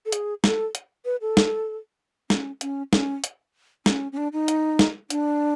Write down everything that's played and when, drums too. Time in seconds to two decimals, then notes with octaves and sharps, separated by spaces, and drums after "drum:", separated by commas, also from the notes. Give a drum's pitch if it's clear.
0.06 A4
0.12 G#4, drum: hi-hat
0.44 A4, drum: snare
0.75 drum: hi-hat
1.05 B4
1.21 A4
1.37 drum: snare
2.30 C#4, drum: snare
2.61 C#4, drum: hi-hat
2.93 C#4, drum: snare
3.24 drum: hi-hat
3.86 C#4, drum: snare
4.12 C#4
4.17 D4
4.33 D#4
4.48 drum: hi-hat
4.79 drum: snare
5.10 D4, drum: hi-hat